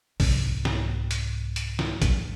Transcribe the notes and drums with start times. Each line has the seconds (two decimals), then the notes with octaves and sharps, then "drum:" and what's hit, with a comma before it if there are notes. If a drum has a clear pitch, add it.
0.20 C2 G#2, drum: kick, open hi-hat
0.65 drum: snare
1.11 drum: hi-hat
1.56 drum: hi-hat
1.79 drum: snare
2.02 drum: kick, hi-hat